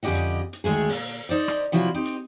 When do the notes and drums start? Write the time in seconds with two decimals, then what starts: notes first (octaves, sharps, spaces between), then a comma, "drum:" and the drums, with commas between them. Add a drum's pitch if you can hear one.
0.03 F2 D3 C#4 G4 D#5 F#5
0.15 drum: hi-hat
0.53 drum: hi-hat
0.64 D2 D#3 G#3 A3 G#4
0.89 A#2, drum: open hi-hat
1.29 D#4 C5 D5
1.48 drum: rim click
1.72 C3 F3 F#3 E4 F4
1.94 C4 D#4 G4
2.05 drum: hi-hat